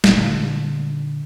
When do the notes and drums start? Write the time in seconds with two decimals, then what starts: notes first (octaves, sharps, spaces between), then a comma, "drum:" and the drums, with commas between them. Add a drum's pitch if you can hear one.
0.04 A#2 D3, drum: snare